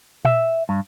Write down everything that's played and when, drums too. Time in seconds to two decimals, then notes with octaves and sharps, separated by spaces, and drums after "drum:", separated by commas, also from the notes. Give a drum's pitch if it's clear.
0.25 E5, drum: tom A#2
0.69 G2